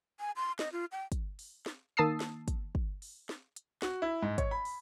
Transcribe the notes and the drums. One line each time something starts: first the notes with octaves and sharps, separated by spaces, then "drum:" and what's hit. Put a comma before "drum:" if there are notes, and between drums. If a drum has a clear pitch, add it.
G#5
C6
D#5, drum: snare
F4
G5
drum: kick, hi-hat
drum: open hi-hat
drum: snare
D#3 A#3 A5 D#6 E6 C7
drum: snare
drum: kick, hi-hat
drum: kick
drum: open hi-hat
drum: snare
drum: hi-hat
F#4, drum: snare
E4
G#2
C#5, drum: kick, hi-hat
B5
drum: open hi-hat